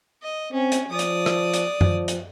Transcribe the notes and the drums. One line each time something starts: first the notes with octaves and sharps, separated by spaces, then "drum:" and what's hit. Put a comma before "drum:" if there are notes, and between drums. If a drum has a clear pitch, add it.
D#5
C4 C#4
drum: hi-hat
F3 D5 D#6
drum: hi-hat
drum: rim click
drum: hi-hat
F3, drum: tom F#2
drum: hi-hat